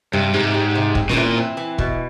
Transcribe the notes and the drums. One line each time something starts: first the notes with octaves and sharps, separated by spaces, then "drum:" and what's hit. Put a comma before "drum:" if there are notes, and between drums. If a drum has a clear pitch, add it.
G2 C3
G#2 C3
G3
C3
C4, drum: kick
B2, drum: snare
A#2 E3
C4
E3
B2, drum: kick